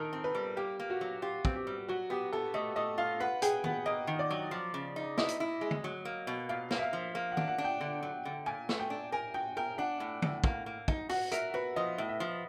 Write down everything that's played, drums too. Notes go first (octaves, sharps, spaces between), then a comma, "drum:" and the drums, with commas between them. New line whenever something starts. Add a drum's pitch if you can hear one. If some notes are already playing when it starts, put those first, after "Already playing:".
Already playing: D#3 A4 A#4
C4
B4
G3
A#3 G4
A#3
F#4
F#3
F4 G4
C4, drum: kick
G4
G3
F#3 F#4
B3 G4
B3 A4
A3 D#5
A3 D#5
F4 F5
B4 F#5
G#4 G5, drum: hi-hat
B3 F#5, drum: tom D#3
A#3 D#5
D#3
D5
F#3
F3
C#3
D#4
E4 D#5, drum: snare
drum: hi-hat
E4
G#3
drum: tom
F#3
A#3
B2
A#2 F5
A#3, drum: snare
E5
F5
F3
A#3
F#5
D4, drum: tom D#3
F#5
D4
G5
D3
F#3
D3
A#2 G#5
A3, drum: snare
G5
D4
A#4 G#5
F#4 G5
A#4 G5
D4 F#5
A2
A2, drum: tom
A#3, drum: kick
A#3
D#4, drum: kick
F#4 F#5, drum: open hi-hat
A#4 E5, drum: hi-hat
F#4 B4
F3 D#5
A2
E5
F3